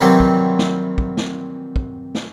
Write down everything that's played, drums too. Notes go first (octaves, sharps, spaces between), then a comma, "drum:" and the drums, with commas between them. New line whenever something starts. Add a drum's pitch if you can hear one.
C3 D#3 E3 F#3 G3 C4
drum: kick
drum: snare
drum: kick
drum: snare
drum: kick
drum: snare